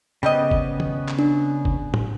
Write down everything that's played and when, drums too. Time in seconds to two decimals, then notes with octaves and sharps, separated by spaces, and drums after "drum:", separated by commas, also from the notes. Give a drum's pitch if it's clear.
0.23 C#3 G3 B3 C4 D#5
0.51 drum: kick G1
0.80 drum: tom
1.08 drum: clap
1.19 D4
1.65 drum: kick G1
1.94 drum: tom A2